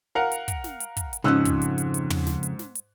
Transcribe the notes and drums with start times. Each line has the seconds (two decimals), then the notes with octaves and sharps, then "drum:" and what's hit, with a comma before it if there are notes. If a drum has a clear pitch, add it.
0.15 A#4 F5 F#5
0.32 drum: hi-hat
0.48 drum: kick, hi-hat
0.64 drum: snare
0.80 drum: hi-hat
0.97 drum: kick, hi-hat
1.13 drum: hi-hat
1.24 F2 G#2 C#3 C#4 D#4 E6 F#6
1.45 drum: kick, hi-hat
1.62 drum: hi-hat
1.78 drum: hi-hat
1.94 drum: hi-hat
2.10 drum: tom
2.27 drum: snare
2.43 drum: hi-hat
2.59 drum: snare
2.75 drum: hi-hat